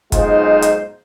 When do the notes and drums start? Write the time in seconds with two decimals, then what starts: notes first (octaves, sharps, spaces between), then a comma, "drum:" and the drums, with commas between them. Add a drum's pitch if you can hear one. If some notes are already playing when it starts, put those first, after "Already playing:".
0.12 B1 G#2 G#3 D#4 F4 C5, drum: kick, hi-hat
0.62 drum: hi-hat